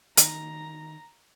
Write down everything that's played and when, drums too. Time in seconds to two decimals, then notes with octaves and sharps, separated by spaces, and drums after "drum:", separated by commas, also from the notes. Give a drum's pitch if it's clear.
0.17 D#3 A#5, drum: hi-hat